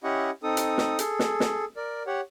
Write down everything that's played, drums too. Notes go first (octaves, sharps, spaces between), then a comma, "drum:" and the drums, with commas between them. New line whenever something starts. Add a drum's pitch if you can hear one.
C#4 E4 G4 D#5 F#5 C#6
C4 D#4 A4 D#6
drum: hi-hat
drum: snare
G#4 A4, drum: hi-hat
drum: snare
drum: snare
A#4 D5
G4 C#5 F#5